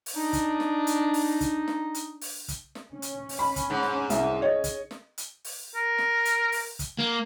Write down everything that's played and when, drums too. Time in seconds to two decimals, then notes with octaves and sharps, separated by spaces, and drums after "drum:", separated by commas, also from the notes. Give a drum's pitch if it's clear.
0.06 drum: open hi-hat
0.16 D4 D#4
0.33 drum: kick, hi-hat
0.60 drum: snare
0.87 drum: hi-hat
1.14 drum: open hi-hat
1.41 drum: kick, hi-hat
1.68 drum: snare
1.94 drum: hi-hat
2.21 drum: open hi-hat
2.48 drum: kick, hi-hat
2.75 drum: snare
2.91 C#4
3.02 drum: hi-hat
3.29 drum: open hi-hat
3.39 B5
3.56 drum: kick, hi-hat
3.70 G#2
3.83 drum: snare
4.10 C2, drum: hi-hat
4.42 C#5 D#5
4.64 drum: kick, hi-hat
4.91 drum: snare
5.18 drum: hi-hat
5.45 drum: open hi-hat
5.75 A#4
5.98 drum: snare
6.25 drum: hi-hat
6.52 drum: open hi-hat
6.79 drum: kick, hi-hat
6.99 A#3